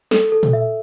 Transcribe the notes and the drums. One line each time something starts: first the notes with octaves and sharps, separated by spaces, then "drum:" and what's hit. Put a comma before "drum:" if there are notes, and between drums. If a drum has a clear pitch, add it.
A4, drum: snare
A4
drum: tom A#2
E5